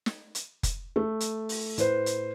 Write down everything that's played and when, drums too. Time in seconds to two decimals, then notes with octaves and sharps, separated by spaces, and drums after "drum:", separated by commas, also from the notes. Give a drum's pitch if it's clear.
0.06 drum: snare
0.35 drum: hi-hat
0.63 drum: kick F1, hi-hat
0.96 A3
1.20 drum: hi-hat
1.49 drum: open hi-hat
1.78 A2 B4 C5, drum: hi-hat
2.06 drum: hi-hat